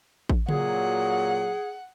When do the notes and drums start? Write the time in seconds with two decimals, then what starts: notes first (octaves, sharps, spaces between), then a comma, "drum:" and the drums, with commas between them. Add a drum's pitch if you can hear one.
0.29 drum: kick A1
0.48 A#2 F#3 G#4 F#5, drum: tom C#3